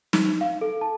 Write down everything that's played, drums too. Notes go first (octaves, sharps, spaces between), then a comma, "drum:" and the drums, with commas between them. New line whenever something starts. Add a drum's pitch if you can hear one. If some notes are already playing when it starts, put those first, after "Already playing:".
D#4, drum: snare
F5
A4
A5